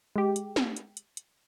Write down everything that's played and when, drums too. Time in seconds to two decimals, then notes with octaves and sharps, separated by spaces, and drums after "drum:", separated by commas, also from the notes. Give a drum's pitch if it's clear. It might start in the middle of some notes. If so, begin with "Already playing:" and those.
0.16 G#3 G4
0.36 drum: hi-hat
0.56 drum: snare
0.77 drum: hi-hat
0.97 drum: hi-hat
1.17 drum: hi-hat